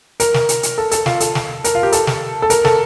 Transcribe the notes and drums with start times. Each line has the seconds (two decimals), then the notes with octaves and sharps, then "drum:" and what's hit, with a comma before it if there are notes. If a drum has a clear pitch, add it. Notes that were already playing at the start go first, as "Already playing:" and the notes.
0.20 A#4, drum: hi-hat
0.34 drum: snare
0.49 drum: hi-hat
0.63 drum: hi-hat
0.78 A4
0.91 A4, drum: hi-hat
1.06 F4, drum: snare
1.20 A4, drum: hi-hat
1.35 drum: snare
1.64 A#4, drum: hi-hat
1.75 F4
1.83 G4
1.92 A4, drum: hi-hat
2.07 drum: snare
2.42 A4
2.50 A#4, drum: hi-hat
2.65 A4, drum: snare